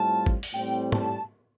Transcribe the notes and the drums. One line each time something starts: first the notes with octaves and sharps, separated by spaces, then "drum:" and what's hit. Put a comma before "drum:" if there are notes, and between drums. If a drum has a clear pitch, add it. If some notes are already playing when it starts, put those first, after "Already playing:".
Already playing: A2 G3 C4 F4 A5
drum: kick
drum: open hi-hat
A2 G3 C4 G5
A5, drum: tom